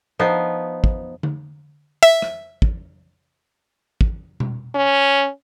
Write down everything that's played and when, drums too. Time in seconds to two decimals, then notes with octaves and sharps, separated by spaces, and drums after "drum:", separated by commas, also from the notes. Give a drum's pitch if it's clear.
0.19 F3 B3 D#4
0.84 drum: kick
1.23 drum: tom D3
2.03 E5
2.22 drum: rim click
2.62 drum: kick
4.01 drum: kick
4.40 drum: tom B2
4.75 C#4